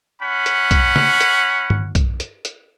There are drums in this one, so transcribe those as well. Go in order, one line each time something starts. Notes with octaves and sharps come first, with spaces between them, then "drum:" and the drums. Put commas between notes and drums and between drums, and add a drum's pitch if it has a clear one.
C#4 F#5 B5
drum: hi-hat
drum: kick, hi-hat
drum: snare
drum: hi-hat
drum: tom G2
drum: kick, hi-hat
drum: hi-hat
drum: hi-hat